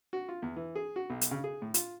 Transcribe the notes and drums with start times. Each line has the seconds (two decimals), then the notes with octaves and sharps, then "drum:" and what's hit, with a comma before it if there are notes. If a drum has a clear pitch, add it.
0.13 F#4
0.29 F4
0.42 E2
0.56 E3
0.76 G#4
0.96 F#4
1.10 B1
1.21 drum: hi-hat
1.31 C#3
1.44 G#4
1.62 A2
1.74 F4, drum: hi-hat